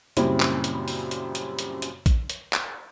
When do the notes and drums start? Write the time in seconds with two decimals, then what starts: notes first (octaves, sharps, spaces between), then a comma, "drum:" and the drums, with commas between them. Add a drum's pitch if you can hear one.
0.17 F#2 A#2 C#3 G3 C4 E4, drum: hi-hat
0.40 drum: clap
0.64 drum: hi-hat
0.88 drum: open hi-hat
1.11 drum: hi-hat
1.35 drum: hi-hat
1.59 drum: hi-hat
1.82 drum: hi-hat
2.06 drum: kick A#1, hi-hat
2.30 drum: hi-hat
2.53 drum: clap